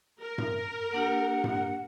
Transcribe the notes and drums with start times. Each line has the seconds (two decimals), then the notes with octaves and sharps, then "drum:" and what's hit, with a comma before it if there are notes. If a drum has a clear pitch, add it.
0.21 A#4
0.38 drum: tom G2
0.93 A#3 D4 G4 F#5
1.44 drum: tom G2